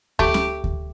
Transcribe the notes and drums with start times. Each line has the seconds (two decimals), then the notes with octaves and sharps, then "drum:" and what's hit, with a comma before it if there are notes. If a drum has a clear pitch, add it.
0.19 A3 G4, drum: kick D2
0.34 drum: snare C#4
0.64 drum: kick D2